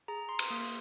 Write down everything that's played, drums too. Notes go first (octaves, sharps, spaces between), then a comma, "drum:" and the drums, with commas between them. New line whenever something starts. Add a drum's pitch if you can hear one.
G#4 A#5
C6
drum: cymbal
A#3 D#6